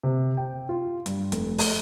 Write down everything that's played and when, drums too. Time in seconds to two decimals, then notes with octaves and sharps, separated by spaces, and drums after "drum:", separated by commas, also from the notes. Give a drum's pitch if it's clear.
0.03 C3
0.37 G5
0.69 F4
1.06 G2, drum: hi-hat
1.32 F1, drum: hi-hat
1.58 A3, drum: open hi-hat